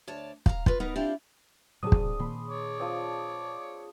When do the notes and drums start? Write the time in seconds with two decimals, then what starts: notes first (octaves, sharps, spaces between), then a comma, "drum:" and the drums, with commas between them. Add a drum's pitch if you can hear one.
0.08 D2 C#5 D5 A5
0.46 F5 A5 A#5, drum: kick
0.66 F4 B4, drum: kick
0.80 B3 D#4 A#4 B4
0.96 C4 D4 E4 F4 G4
1.83 A2 C3 F#3 C4 D4 G#4 D#6
1.92 drum: kick
2.20 A#2 D#3 A#3 B5 C6
2.48 C#5 D6
2.78 F3 C4 D5